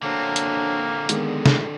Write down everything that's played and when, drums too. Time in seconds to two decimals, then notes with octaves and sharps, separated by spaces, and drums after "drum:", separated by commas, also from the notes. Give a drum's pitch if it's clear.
0.02 D3 F#3 A3 A#3 C4 D4
0.36 drum: hi-hat
1.09 A#2 D#3 G#3 B3, drum: hi-hat
1.46 drum: snare